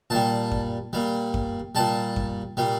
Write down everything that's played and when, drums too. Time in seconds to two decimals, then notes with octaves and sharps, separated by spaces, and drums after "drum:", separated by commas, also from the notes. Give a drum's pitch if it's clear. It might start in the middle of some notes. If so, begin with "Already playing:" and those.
0.10 A#2 G3 A5
0.51 drum: kick F#2
0.93 A#2 G3
1.34 drum: kick F#2
1.75 A#2 G3 A5
2.16 drum: kick F#2
2.57 A#2 G3